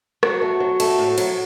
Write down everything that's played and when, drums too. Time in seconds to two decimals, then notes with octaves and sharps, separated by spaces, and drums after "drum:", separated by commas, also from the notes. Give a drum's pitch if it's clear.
0.23 F#3 F#4, drum: rim click
0.42 A3
0.60 F#3
0.80 A3, drum: cymbal
0.99 A2
1.18 F#3, drum: cymbal